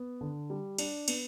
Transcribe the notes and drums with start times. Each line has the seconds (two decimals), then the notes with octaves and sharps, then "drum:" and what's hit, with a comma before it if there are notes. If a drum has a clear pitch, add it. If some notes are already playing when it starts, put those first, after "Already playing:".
Already playing: B3
0.21 D3
0.50 G3
0.78 D4, drum: cymbal
1.08 B3, drum: cymbal